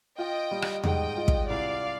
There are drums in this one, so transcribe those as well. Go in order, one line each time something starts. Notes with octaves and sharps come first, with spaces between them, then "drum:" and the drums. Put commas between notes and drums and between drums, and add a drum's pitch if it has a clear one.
F4 D#5 G5
G3
drum: rim click
G#2 D#5 G5, drum: tom E2
F4
drum: kick
C2 D5 F5